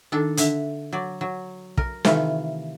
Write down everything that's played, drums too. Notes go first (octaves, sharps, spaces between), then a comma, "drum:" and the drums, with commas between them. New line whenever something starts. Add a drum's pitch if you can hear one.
D#3 D4 A4
D3 E5, drum: hi-hat
F#3 D5
F#3
A#4, drum: kick
C3 D#3 E3 A3 F4, drum: snare